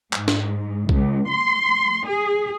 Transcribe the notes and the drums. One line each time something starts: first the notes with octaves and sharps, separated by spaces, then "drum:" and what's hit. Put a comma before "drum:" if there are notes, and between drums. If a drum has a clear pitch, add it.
G#2, drum: clap
drum: snare
C#2, drum: kick B1
C6
G#4